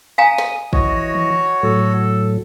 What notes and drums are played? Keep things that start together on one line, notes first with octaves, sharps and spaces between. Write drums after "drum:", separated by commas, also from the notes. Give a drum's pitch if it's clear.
F5 G#5 A#5 D#6
drum: snare
E3 F#4 C#5 D#5, drum: kick
drum: tom
A2 F#3 A4